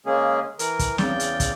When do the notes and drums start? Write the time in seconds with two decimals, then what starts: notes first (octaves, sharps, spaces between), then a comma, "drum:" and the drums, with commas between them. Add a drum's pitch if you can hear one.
0.06 C#3 G#3 A#3 C#4 G#4
0.59 E3 A#4, drum: hi-hat
0.79 drum: kick, hi-hat
0.98 E2 C#3 D5 G5 G6, drum: snare
1.20 drum: hi-hat
1.40 drum: kick, hi-hat